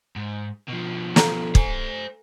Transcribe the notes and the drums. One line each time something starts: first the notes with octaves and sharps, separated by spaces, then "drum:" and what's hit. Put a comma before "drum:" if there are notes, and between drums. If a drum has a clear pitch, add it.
G#2
B2 F3
A4 F5 A#5, drum: snare
C5 G#5, drum: kick